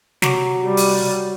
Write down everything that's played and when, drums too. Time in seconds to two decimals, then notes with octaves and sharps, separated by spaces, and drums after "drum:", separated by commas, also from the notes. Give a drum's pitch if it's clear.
0.22 C3 F#3 D6, drum: snare
0.64 G3
0.77 drum: open hi-hat